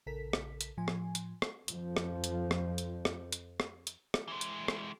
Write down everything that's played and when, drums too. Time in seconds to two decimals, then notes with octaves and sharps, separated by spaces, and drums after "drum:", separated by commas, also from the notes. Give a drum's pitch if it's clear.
0.06 A#1 C#3 A4 A#4 B6
0.33 drum: rim click
0.61 drum: hi-hat
0.77 A2 F3 G#5
0.88 drum: rim click
1.15 drum: hi-hat
1.42 drum: rim click
1.68 F2 F3, drum: hi-hat
1.97 drum: rim click
2.24 drum: hi-hat
2.51 drum: rim click
2.78 drum: hi-hat
3.05 drum: rim click
3.32 drum: hi-hat
3.60 drum: rim click
3.87 drum: hi-hat
4.14 drum: rim click
4.28 E3 G#3
4.41 drum: hi-hat
4.68 drum: rim click